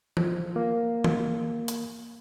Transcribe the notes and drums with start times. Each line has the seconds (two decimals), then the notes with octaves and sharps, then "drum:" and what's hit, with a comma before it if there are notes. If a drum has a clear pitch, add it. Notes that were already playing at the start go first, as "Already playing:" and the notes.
0.17 F3, drum: tom D#3
0.56 A#3
1.04 drum: tom D#3
1.68 drum: hi-hat